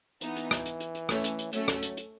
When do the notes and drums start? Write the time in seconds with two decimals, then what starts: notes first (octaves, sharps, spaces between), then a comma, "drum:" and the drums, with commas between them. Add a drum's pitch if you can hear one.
0.21 E3 B3 D#4, drum: hi-hat
0.36 drum: hi-hat
0.51 drum: rim click
0.66 drum: hi-hat
0.80 drum: hi-hat
0.95 drum: hi-hat
1.09 A3 C#4, drum: rim click
1.24 drum: hi-hat
1.39 drum: hi-hat
1.53 F#3 A3 C#4, drum: hi-hat
1.68 drum: rim click
1.83 drum: hi-hat
1.97 drum: hi-hat